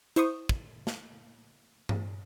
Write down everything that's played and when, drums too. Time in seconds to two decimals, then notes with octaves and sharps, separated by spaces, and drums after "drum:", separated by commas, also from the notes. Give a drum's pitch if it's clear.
0.16 E4 C5 C#6 D#6, drum: hi-hat
0.49 drum: kick
0.87 drum: snare
1.89 drum: tom G2